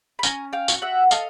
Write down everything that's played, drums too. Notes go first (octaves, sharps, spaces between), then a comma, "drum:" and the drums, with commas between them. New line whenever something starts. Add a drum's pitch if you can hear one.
B5
C#4 G#5 A#5, drum: tambourine
F5 G5
F#4, drum: tambourine
E5 F#5
A4 D#5 F5, drum: tambourine